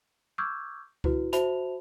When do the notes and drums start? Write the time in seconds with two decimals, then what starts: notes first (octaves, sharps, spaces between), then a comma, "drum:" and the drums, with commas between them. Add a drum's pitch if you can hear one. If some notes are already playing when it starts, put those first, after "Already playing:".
0.38 C#6 D6 E6 F6 G6 G#6
1.04 E4 F#4 B4, drum: kick C#2
1.33 F#4 C5 E5 A5 B5 F7, drum: hi-hat